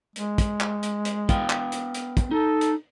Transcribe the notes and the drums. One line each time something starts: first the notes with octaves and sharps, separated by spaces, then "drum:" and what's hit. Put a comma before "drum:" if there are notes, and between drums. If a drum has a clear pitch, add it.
G#3, drum: hi-hat
drum: kick, hi-hat
drum: clap
drum: hi-hat
drum: hi-hat
B3 F5 G5, drum: kick, hi-hat
drum: clap
drum: hi-hat
drum: hi-hat
drum: kick, hi-hat
D#4 A4
drum: hi-hat